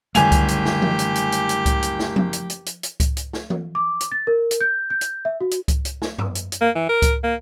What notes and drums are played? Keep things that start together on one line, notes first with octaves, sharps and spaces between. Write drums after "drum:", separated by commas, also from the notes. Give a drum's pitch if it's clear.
F#1 D3 G3 A3 G4 G#5 F7, drum: hi-hat
drum: kick C#2, hi-hat
drum: hi-hat
drum: snare
drum: tom E3
drum: hi-hat
drum: hi-hat
drum: hi-hat
drum: hi-hat
drum: kick C#2, hi-hat
drum: hi-hat
drum: snare
drum: tom F3
drum: hi-hat
drum: hi-hat
drum: hi-hat
drum: hi-hat
drum: kick C#2, hi-hat
drum: hi-hat
drum: snare
drum: tom E3
D6
drum: hi-hat
A6
A#4
drum: hi-hat
G6
G6
drum: hi-hat
E5
F#4
drum: hi-hat
drum: kick C#2, hi-hat
drum: hi-hat
drum: snare
drum: tom
drum: hi-hat
drum: hi-hat
A#3
E3
A#4
drum: kick C#2, hi-hat
A#3